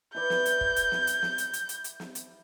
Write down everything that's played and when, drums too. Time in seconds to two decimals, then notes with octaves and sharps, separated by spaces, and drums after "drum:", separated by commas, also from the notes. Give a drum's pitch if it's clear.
0.15 E4 B4 D5 G6
0.30 drum: snare
0.46 drum: hi-hat
0.61 drum: kick
0.76 drum: hi-hat
0.92 drum: snare
1.07 drum: hi-hat
1.23 drum: snare
1.38 drum: hi-hat
1.53 drum: hi-hat
1.69 drum: hi-hat
1.84 drum: hi-hat
2.00 drum: snare
2.15 drum: hi-hat